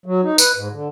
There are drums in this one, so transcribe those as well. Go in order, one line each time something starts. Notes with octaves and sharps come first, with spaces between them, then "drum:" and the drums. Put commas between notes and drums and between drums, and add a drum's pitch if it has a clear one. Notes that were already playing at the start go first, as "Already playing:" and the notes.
F#3
D#4
B4, drum: tambourine
G#2
D3